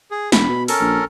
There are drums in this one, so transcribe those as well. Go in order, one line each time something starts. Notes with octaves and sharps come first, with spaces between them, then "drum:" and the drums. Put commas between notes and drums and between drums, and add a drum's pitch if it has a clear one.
G#4
E1 B5, drum: snare
B2
C#4 A4 A#4, drum: open hi-hat
A#1